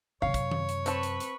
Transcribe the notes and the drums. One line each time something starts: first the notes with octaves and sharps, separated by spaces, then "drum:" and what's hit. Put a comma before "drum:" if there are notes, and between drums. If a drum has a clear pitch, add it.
F#2 C3 C#5 F5
drum: kick, hi-hat
drum: tom D#3
drum: hi-hat
C4 B4 A5 C#6, drum: hi-hat
drum: hi-hat
drum: hi-hat